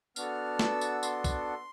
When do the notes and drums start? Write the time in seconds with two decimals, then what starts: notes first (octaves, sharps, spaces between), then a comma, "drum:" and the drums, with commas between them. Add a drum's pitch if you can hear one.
0.16 B3 D4 F#4 A4 F6, drum: tambourine
0.59 E6, drum: snare
0.81 drum: tambourine
1.03 C6, drum: tambourine
1.24 drum: kick B1, tambourine